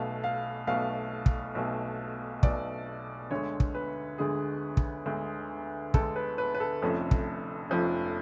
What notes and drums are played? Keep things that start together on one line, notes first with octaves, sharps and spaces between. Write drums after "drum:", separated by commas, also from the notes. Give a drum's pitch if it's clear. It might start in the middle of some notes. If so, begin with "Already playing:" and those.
Already playing: B1 B2 A3 F5
F5
B1 B2 A3 F5
drum: kick
B1 B2 A3
B1 B2 A3 D5, drum: kick
D2 D3 G#3 C#5
drum: kick
B4
D2 D3 G#3 G#4
drum: kick
D2 D3 G#3
D2 D3 G#3 A4, drum: kick
B4
B4
B4
A4
F1 F2 F3 A3 C#4
drum: kick
F1 F2 F3 A3 C#4